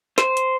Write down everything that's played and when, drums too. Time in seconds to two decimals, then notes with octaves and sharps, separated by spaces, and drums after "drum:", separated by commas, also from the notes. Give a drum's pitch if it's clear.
0.18 C5, drum: snare
0.37 drum: hi-hat